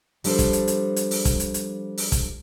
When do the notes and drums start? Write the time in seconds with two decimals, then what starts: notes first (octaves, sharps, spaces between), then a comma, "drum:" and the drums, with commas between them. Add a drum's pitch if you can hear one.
0.24 F3 G3 D4 A4 C5, drum: open hi-hat
0.39 drum: kick, hi-hat
0.53 drum: hi-hat
0.68 drum: hi-hat
0.96 drum: hi-hat
1.11 drum: open hi-hat
1.25 drum: kick, hi-hat
1.40 drum: hi-hat
1.54 drum: hi-hat
1.97 drum: open hi-hat
2.12 drum: kick, hi-hat